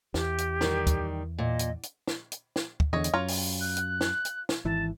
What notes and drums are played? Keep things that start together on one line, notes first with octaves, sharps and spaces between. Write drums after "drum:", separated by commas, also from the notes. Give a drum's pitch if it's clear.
E2 G4, drum: snare
drum: hi-hat
D#3 G3, drum: snare
drum: kick, hi-hat
A#2 D#5
drum: hi-hat
drum: hi-hat
drum: snare
drum: hi-hat
drum: snare
drum: kick
E2 D3 C#5 D#5
drum: hi-hat
F#2 F4 C#5 A#5
drum: open hi-hat
F#6
drum: hi-hat
drum: snare
drum: hi-hat
drum: snare
G#1 E3 A5